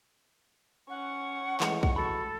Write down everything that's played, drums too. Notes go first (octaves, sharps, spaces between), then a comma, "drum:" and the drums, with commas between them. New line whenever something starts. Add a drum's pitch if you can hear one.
C#4 F#5 C#6
E3 G#3 A3, drum: clap
drum: kick
F#4 A4 B5